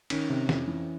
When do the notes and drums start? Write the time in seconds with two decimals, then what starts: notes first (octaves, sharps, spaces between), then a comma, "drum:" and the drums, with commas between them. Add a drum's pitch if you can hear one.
0.10 D#3 C#4, drum: cymbal
0.30 C3
0.49 F2, drum: snare
0.68 E3